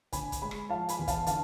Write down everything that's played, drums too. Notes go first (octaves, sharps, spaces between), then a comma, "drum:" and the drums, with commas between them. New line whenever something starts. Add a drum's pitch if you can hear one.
D3 G#5 B5, drum: kick, hi-hat
drum: kick, hi-hat
G#3 G#5 B5
drum: rim click
F3 F5 A5
G#5 B5, drum: hi-hat
E2
F5 A5, drum: kick, hi-hat
D3 F5 A5, drum: hi-hat